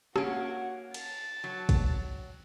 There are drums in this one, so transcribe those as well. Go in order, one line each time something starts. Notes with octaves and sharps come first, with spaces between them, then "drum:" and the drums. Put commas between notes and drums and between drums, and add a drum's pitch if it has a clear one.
A#3 C#4 F#4 F#5, drum: rim click
A5, drum: cymbal
F#3
drum: kick, cymbal